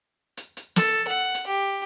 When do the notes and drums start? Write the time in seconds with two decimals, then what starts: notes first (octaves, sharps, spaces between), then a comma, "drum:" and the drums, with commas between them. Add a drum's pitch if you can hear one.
0.37 drum: hi-hat
0.57 drum: hi-hat
0.76 A4, drum: snare
1.08 F#5
1.34 drum: hi-hat
1.47 G4